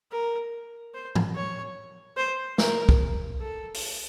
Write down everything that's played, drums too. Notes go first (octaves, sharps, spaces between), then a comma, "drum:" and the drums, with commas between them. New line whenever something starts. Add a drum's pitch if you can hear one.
A#4
C5
drum: tom
C#5
C5
A#4, drum: snare
drum: kick
A4
drum: open hi-hat